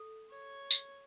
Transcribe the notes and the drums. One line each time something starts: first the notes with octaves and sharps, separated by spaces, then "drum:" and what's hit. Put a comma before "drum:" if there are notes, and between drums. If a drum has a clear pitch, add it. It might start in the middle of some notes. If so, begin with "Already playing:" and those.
Already playing: A4
C#5
drum: tambourine